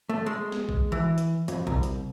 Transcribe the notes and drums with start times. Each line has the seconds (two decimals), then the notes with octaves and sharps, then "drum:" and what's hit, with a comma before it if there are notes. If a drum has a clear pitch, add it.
0.09 A3
0.26 G#3
0.52 drum: snare B3
0.69 drum: kick A#1
0.92 E3
1.18 drum: hi-hat
1.48 F2, drum: hi-hat
1.67 C2, drum: kick A#1
1.83 drum: hi-hat